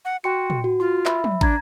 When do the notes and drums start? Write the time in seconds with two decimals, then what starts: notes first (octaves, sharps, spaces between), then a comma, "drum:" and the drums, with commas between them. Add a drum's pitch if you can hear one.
0.05 F#5
0.24 F#4 G5 C6 C#7
0.50 drum: tom
0.64 F#4
0.80 F4 C6
1.06 E5 B5, drum: clap
1.24 drum: tom
1.41 D4 A#5 G#6, drum: kick